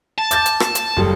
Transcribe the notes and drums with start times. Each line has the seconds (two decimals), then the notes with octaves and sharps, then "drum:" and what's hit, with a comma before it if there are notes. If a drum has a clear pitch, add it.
0.18 A5
0.31 D6 G6 A6, drum: hi-hat
0.46 drum: hi-hat
0.60 drum: rim click
0.75 drum: hi-hat
0.97 F#1 G3 A4